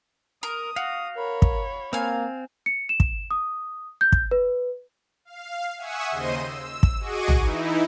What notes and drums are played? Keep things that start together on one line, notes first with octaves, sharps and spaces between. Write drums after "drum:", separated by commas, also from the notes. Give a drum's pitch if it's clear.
A#4 D#6
F#4 F5
A#4 C#5 B5
drum: kick
A#3 C4 F5 G#5
C#7
E7
drum: kick
D#6
G6
drum: kick
B4
F5
E5 F#5 G#5 C#6 D#6 E6
D#2 C#3 C5 D#5 C6 D#7
E6
drum: kick
F#4 G#4 D#5 C#6 D6 D#7
drum: tom A#1
E3 D#4 E4